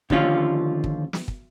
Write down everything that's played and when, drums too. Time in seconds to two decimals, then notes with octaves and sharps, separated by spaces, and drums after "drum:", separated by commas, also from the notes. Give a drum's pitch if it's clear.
0.10 D#2 D3 F3 C#4 F4, drum: kick
0.84 drum: kick
1.13 drum: snare
1.28 drum: kick